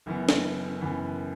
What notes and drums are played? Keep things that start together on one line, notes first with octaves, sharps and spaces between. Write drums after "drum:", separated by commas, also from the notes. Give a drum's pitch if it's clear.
F#1 F#2 E3 B3
drum: snare
F#1 F#2 E3 B3